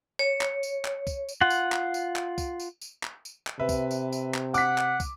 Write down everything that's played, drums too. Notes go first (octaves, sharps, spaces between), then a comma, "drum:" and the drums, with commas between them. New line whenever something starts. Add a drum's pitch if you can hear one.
C#5
drum: clap
drum: tambourine
drum: clap
drum: kick, tambourine
drum: tambourine
F4 F#5
drum: tambourine
drum: clap
drum: tambourine
drum: clap
drum: kick, tambourine
drum: tambourine
drum: tambourine
drum: clap
drum: tambourine
drum: clap
C3 B4 E5
drum: kick, tambourine
drum: tambourine
drum: tambourine
drum: clap
F#5 D6 B6, drum: tambourine
drum: clap
drum: kick, tambourine